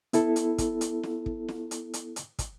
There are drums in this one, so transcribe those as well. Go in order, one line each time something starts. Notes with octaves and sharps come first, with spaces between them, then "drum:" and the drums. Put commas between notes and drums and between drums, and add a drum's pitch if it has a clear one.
B3 E4 A4, drum: hi-hat
drum: hi-hat
drum: kick, hi-hat
drum: hi-hat
drum: snare
drum: kick
drum: snare
drum: hi-hat
drum: hi-hat
drum: hi-hat
drum: kick, hi-hat